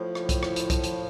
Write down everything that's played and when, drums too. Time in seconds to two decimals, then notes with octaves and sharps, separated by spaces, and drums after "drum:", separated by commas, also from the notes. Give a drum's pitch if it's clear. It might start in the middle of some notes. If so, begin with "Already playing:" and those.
Already playing: A2 F3
0.15 drum: rim click
0.29 drum: kick, hi-hat
0.43 drum: rim click
0.56 drum: hi-hat
0.70 drum: kick, hi-hat
0.84 drum: hi-hat